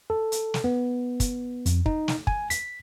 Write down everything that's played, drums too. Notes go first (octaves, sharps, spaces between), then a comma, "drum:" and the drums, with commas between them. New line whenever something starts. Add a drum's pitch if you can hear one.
A4
drum: hi-hat
drum: snare
B3
drum: kick, hi-hat
F2, drum: hi-hat
D#4, drum: kick
drum: snare
G#5, drum: kick
B6, drum: hi-hat